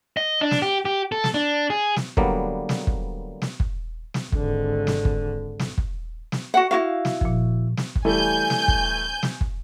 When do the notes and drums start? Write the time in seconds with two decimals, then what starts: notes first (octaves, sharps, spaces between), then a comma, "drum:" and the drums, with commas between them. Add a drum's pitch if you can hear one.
0.17 D#5
0.41 D4
0.51 drum: snare
0.62 G4
0.85 G4
1.12 A4
1.24 drum: snare
1.34 D4
1.70 G#4
1.96 drum: snare
2.17 D3 F#3 G3 A#3 B3, drum: kick
2.69 drum: snare
2.87 drum: kick
3.42 drum: snare
3.60 drum: kick
4.14 drum: snare
4.32 G#1 D3, drum: kick
4.87 drum: snare
5.05 drum: kick
5.59 drum: snare
5.78 drum: kick
6.32 drum: snare
6.54 F#4 F#5
6.71 E4 F#4 F5
7.05 drum: snare
7.21 A#2 F3, drum: kick
7.77 drum: snare
7.96 drum: kick
8.05 E3 G3 A3 G#5 G6
8.50 drum: snare
8.68 drum: kick
9.23 drum: snare
9.41 drum: kick